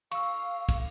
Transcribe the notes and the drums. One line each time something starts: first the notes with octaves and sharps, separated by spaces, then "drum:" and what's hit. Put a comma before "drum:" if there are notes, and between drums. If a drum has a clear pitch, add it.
F5 C#6 E6, drum: cymbal
drum: kick, cymbal